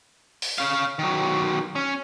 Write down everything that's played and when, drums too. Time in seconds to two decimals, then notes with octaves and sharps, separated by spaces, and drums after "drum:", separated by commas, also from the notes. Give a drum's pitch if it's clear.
0.42 drum: open hi-hat
0.58 C#4 F5
0.99 D#3 F#3
1.76 C#4